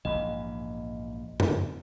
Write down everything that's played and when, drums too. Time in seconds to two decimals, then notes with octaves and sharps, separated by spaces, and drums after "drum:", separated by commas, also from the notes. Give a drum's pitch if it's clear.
0.05 A#1 E2 G#2 D#5
1.40 drum: tom F2